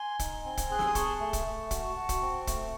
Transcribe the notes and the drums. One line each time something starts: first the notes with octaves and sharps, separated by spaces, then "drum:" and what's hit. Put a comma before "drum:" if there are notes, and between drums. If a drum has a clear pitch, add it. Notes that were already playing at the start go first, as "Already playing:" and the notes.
Already playing: G#5 C6
D#4, drum: kick, hi-hat
C4
drum: kick, hi-hat
G#4 F#6
E6, drum: snare
D#6
G#4 A5 C#6, drum: kick, hi-hat
A3
drum: kick, hi-hat
A3
F#4, drum: kick, hi-hat
F#4
drum: kick, hi-hat
C4
A3, drum: kick, hi-hat